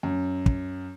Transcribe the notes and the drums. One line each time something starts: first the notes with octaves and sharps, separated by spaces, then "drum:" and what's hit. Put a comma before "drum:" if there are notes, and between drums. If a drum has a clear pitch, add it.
F#2
drum: kick